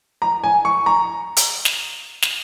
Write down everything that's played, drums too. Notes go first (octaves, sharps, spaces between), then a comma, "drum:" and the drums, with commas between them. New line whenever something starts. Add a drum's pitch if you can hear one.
A#5
G#5
C#6
A#5
drum: hi-hat
drum: snare
drum: snare